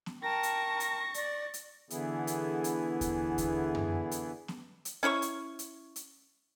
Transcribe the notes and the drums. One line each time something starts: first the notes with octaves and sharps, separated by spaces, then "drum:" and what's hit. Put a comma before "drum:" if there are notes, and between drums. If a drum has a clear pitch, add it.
drum: snare B3
A#4 G5 A5 C#6 A#6
drum: hi-hat
drum: hi-hat
D5, drum: hi-hat
drum: hi-hat
D3 E3 B3 E4 G#4, drum: hi-hat
drum: hi-hat
drum: hi-hat
drum: kick D#2, hi-hat
drum: kick D#2, hi-hat
drum: tom F#2
drum: hi-hat
drum: snare B3
drum: hi-hat
C#4 E4 C#5 C#6
drum: hi-hat
drum: hi-hat
drum: hi-hat